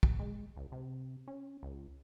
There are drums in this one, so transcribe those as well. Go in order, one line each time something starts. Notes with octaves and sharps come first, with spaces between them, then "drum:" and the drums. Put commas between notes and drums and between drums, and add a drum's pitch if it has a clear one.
drum: kick
G#3
C#2
C3
C#4
C#2